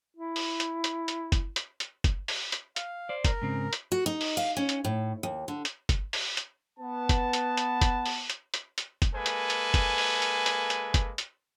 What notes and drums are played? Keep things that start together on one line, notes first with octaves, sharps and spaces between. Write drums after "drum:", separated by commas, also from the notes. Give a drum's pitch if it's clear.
E4
drum: open hi-hat
drum: hi-hat
drum: hi-hat
drum: hi-hat
drum: kick, hi-hat
drum: hi-hat
drum: hi-hat
drum: kick, hi-hat
drum: open hi-hat
drum: hi-hat
F5, drum: hi-hat
C5 D5
A#4, drum: kick, hi-hat
G#2 C#3 C4
drum: hi-hat
F#4
D#4
drum: open hi-hat
F5
C#4
drum: hi-hat
A2
D#2
D3
drum: hi-hat
drum: kick, hi-hat
drum: open hi-hat
drum: hi-hat
B3 A5
drum: kick, hi-hat
drum: hi-hat
drum: hi-hat
drum: kick, hi-hat
drum: open hi-hat
drum: hi-hat
drum: hi-hat
drum: hi-hat
drum: kick, hi-hat
G#3 A#3 A4 B4 G#5
drum: hi-hat
drum: hi-hat
drum: kick, hi-hat
drum: open hi-hat
drum: hi-hat
drum: hi-hat
drum: hi-hat
drum: kick, hi-hat
drum: hi-hat